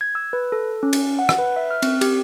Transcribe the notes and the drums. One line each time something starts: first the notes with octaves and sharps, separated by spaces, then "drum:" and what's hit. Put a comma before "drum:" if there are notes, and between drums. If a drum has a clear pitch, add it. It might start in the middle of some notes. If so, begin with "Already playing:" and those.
G#6
E6
B4
A4
C#4
drum: cymbal
F#5
drum: rim click
B4
E5
F6
C4, drum: cymbal
G4, drum: cymbal